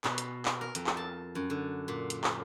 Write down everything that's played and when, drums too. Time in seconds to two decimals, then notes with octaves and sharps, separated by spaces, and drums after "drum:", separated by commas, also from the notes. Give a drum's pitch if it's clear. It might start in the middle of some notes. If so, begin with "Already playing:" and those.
0.04 B2, drum: clap
0.18 drum: hi-hat
0.45 drum: clap
0.61 A#4
0.75 F2, drum: hi-hat
0.87 drum: clap
0.97 A5
1.35 F#2
1.50 D3
1.88 A#2
2.10 drum: hi-hat
2.24 drum: clap